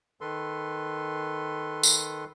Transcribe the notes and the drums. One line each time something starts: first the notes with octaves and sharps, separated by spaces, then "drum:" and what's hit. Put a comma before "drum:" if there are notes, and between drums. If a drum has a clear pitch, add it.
D#3 A4 B4 C6
drum: tambourine